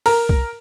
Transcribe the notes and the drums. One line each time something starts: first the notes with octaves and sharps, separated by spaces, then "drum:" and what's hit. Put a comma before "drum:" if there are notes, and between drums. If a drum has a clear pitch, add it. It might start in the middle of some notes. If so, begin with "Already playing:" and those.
A#4, drum: open hi-hat
drum: kick